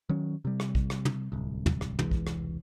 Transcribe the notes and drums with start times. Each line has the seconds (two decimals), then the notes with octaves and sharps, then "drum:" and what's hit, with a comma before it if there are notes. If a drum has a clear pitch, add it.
0.09 D#3 F#3 C#4
0.45 C3 G3
0.60 drum: rim click
0.75 drum: kick A#1
0.90 drum: rim click
1.05 drum: tom
1.32 D1 C2
1.66 drum: tom
1.81 drum: rim click
1.99 E1 C2 E3 G#3, drum: tom
2.11 drum: kick A#1
2.27 drum: rim click